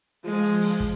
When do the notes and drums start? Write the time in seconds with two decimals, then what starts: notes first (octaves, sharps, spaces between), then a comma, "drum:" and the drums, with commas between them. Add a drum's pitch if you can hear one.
0.24 F3 G#3
0.43 drum: hi-hat
0.61 drum: open hi-hat
0.80 drum: kick